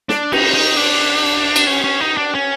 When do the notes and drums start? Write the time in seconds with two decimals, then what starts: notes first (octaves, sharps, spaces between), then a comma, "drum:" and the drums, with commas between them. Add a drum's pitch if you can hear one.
0.09 D4, drum: snare
0.32 D#4, drum: cymbal
0.54 D#4
0.77 D4
1.56 drum: cymbal
1.67 C#4
1.84 C#4
2.00 D#4
2.17 D4
2.35 C#4